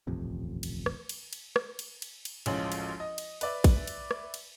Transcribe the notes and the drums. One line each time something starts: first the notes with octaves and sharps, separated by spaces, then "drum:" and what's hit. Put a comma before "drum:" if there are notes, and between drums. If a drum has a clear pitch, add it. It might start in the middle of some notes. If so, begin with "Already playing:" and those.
D#1 A1 F2 C3
drum: cymbal
drum: rim click
drum: cymbal
drum: cymbal
drum: rim click
drum: cymbal
drum: cymbal
drum: cymbal
A1 D2 F3 G#3 C#4 F#7, drum: cymbal
drum: cymbal
D#5
drum: cymbal
B4 D5 E5, drum: cymbal
drum: kick, cymbal
drum: cymbal
drum: rim click
drum: cymbal